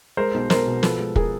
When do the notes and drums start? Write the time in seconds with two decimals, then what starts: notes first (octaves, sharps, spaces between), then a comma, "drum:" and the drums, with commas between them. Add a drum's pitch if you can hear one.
0.17 G#3 A#4 C5
0.34 B1
0.50 B1 A#4 C5, drum: snare
0.67 B2
0.83 F3 A4 B4, drum: snare
0.99 G#3
1.16 G#4 A#4, drum: kick